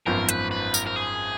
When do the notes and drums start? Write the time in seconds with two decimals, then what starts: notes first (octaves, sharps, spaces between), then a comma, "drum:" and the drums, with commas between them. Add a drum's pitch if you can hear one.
0.06 G#1 F#2 F3 B3 A#4
0.29 B4, drum: hi-hat
0.51 B4
0.74 A#4, drum: tambourine
0.87 A#4
0.96 G#4